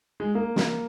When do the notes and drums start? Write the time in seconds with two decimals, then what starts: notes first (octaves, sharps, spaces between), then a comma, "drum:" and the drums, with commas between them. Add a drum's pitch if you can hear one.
0.20 G#3
0.35 A#3
0.56 drum: snare